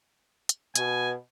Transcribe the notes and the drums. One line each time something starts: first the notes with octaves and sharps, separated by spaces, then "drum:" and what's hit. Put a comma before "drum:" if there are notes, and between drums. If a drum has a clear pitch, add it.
drum: hi-hat
B2 G#5, drum: hi-hat